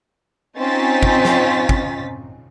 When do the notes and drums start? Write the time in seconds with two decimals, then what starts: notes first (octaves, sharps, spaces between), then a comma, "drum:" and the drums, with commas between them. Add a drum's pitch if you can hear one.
0.58 C4 C#4 D#4 F4 A6 B6
1.03 drum: kick
1.25 drum: snare
1.69 drum: kick